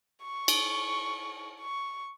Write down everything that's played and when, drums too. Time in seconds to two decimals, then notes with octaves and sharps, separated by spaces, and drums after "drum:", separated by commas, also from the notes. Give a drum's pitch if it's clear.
0.23 C#6
0.48 drum: cymbal
1.61 C#6